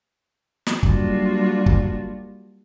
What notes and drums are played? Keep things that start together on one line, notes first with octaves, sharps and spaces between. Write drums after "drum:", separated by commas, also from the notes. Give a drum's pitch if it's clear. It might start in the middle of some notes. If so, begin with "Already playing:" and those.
drum: snare
F#3 G3 A#3 D4 F4 F#4, drum: kick
drum: kick